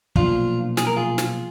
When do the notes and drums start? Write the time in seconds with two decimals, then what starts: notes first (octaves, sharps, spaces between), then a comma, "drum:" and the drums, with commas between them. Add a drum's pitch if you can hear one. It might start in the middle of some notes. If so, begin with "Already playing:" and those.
0.16 B1 A#2 F3 D4 F4, drum: kick
0.77 G#4, drum: snare
0.87 A#4
0.96 F4 G#4
1.18 drum: snare